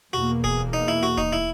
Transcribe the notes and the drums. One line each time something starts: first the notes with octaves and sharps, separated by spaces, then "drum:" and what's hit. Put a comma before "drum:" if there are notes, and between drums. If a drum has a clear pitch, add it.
E2 B2 A#3 F#4
G#4, drum: kick D1
D#4
E4
F#4
D#4, drum: kick D1
E4